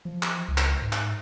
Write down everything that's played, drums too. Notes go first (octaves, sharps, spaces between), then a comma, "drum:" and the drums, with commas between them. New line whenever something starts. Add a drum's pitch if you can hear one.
F3
drum: clap
C#2
drum: clap
G#2
drum: clap